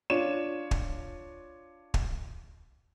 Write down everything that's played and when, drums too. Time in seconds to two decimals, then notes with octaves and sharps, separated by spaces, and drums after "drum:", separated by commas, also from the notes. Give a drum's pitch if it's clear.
0.10 D4 F4 C#5 E7
0.71 drum: kick
1.94 drum: kick